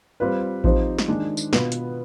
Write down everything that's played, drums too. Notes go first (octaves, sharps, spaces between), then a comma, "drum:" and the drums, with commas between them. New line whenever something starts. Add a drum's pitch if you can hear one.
G3 C4 F4 B4
F3 C4 D#4 G4 C5, drum: kick A1
drum: snare
D#3 G#3 D4
drum: tambourine
B2 B3 F4, drum: snare
drum: hi-hat